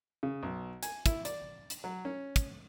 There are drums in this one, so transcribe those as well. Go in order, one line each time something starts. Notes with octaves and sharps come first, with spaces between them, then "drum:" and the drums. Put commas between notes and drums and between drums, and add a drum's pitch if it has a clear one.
C#3
B1
G#5, drum: hi-hat
E4, drum: kick, hi-hat
D5, drum: hi-hat
drum: hi-hat
F#3
C#4
drum: kick, hi-hat